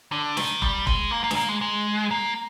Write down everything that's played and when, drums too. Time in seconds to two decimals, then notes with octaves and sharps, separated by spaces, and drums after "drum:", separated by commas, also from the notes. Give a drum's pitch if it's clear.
0.12 D3
0.37 D#3, drum: snare
0.62 G3, drum: kick
0.87 G#3, drum: kick
1.11 A#3
1.24 A#3
1.31 G#3, drum: snare
1.36 A#3
1.48 G#3
1.61 G#3
2.11 A#3